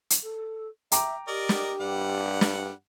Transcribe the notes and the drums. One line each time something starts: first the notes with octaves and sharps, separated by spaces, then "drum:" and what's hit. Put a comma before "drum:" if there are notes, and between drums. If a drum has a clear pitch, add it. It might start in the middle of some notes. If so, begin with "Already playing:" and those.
drum: hi-hat
A4
E5 G5 A#5 D6, drum: hi-hat
G4 A#4 D5 D#5
drum: snare
G2 G3 F#5
drum: snare